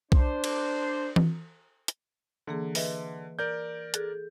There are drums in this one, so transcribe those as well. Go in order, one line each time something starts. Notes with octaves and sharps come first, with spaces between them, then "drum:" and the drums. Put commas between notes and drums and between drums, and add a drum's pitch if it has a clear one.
D4 C5, drum: kick
drum: cymbal
drum: tom E3
drum: hi-hat
D3 E3 A#3 G#4
B4 D#5 E5, drum: open hi-hat
A#4 D5 G6
G#4 A4 F#6, drum: hi-hat